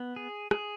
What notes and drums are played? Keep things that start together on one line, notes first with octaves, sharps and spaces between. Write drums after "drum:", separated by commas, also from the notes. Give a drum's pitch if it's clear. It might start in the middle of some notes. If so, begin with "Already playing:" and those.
Already playing: B3
G#4
G#4, drum: rim click